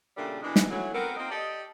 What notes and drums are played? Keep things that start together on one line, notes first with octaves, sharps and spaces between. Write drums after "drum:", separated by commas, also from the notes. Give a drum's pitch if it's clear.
A#2 C#3 G3 A3 A#3 D4
B2 E3 G#3 D4
drum: snare
E3 F#3 A3
B3 C4 F#4 A4 A#4
A#3 C4 D#4 F4 A#4
G4 A4 D5 D#5